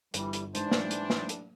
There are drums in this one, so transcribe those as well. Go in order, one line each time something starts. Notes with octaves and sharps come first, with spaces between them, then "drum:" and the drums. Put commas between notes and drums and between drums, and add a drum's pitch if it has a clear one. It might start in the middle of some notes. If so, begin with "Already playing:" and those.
G1 E3 G3, drum: hi-hat
drum: hi-hat
G#2 E3 G3 D4 C5 A5, drum: hi-hat
drum: snare
drum: hi-hat
drum: snare
drum: hi-hat